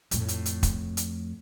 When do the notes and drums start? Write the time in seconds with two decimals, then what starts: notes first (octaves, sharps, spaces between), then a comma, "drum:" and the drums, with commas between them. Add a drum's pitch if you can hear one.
0.11 F2 A2, drum: hi-hat
0.28 drum: hi-hat
0.46 drum: hi-hat
0.63 drum: kick, hi-hat
0.97 drum: hi-hat